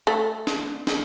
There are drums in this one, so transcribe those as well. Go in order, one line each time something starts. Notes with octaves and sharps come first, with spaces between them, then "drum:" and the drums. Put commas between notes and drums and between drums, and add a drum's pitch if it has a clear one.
A3
drum: snare
drum: snare